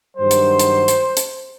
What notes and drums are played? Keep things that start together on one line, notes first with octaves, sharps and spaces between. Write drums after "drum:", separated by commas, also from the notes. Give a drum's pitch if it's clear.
G2 D#3 F#3 C5
drum: hi-hat
drum: hi-hat
drum: hi-hat
drum: hi-hat